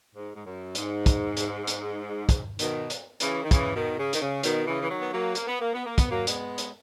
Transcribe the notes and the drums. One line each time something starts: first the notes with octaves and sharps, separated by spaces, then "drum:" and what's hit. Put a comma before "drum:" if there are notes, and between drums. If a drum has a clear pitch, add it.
G#2
G#2
F#2
G#2, drum: hi-hat
drum: kick, hi-hat
drum: hi-hat
drum: hi-hat
drum: kick, hi-hat
B2 D#3, drum: hi-hat
drum: hi-hat
C#3 E3, drum: hi-hat
D#3
C#3 E3, drum: kick, hi-hat
B2 D#3
C#3
D#3, drum: hi-hat
C#3
B2 D#3, drum: hi-hat
C#3 E3
E3
D#3 F#3
B3
F#3 A#3
A#3, drum: hi-hat
B3
A#3
B3
A#3
B3, drum: kick, hi-hat
F#3 A#3
G#3 B3, drum: hi-hat
drum: hi-hat